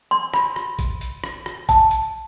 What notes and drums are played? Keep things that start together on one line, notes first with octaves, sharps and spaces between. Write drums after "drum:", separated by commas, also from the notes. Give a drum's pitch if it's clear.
C6
B5, drum: rim click
drum: rim click
drum: kick A1, hi-hat
drum: hi-hat
drum: rim click
drum: rim click
A5, drum: kick A1, hi-hat
drum: hi-hat